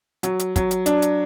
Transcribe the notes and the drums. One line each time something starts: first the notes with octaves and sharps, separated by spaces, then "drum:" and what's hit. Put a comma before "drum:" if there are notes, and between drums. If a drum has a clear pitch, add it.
F#3, drum: hi-hat
drum: hi-hat
F#3, drum: kick, hi-hat
drum: hi-hat
D4, drum: hi-hat
drum: hi-hat